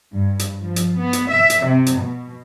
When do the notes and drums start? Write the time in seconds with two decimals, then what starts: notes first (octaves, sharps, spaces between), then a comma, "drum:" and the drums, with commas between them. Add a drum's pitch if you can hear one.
0.13 G2
0.39 drum: hi-hat
0.61 F3
0.76 drum: hi-hat
0.99 B3
1.13 drum: hi-hat
1.31 E5
1.50 drum: hi-hat
1.65 C3
1.86 drum: hi-hat
2.00 B2